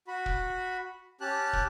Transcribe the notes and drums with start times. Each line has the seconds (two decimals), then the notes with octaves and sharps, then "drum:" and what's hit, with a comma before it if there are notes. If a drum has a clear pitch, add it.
0.08 F#4 B5
0.26 drum: kick
1.21 C#4 G4 A5 F#6
1.53 drum: kick